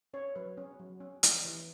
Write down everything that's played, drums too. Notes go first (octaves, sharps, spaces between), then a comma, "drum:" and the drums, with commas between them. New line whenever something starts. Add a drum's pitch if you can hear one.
C#4 C#5
F#3 B4
C#4
F#3
C#4
E3, drum: hi-hat
E3